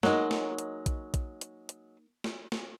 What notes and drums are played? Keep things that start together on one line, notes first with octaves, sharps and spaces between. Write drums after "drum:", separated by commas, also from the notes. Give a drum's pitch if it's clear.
F#3 G#3 A#3 D#4, drum: snare
drum: snare
drum: hi-hat
drum: kick A#1, hi-hat
drum: kick A#1, hi-hat
drum: hi-hat
drum: hi-hat
drum: snare
drum: snare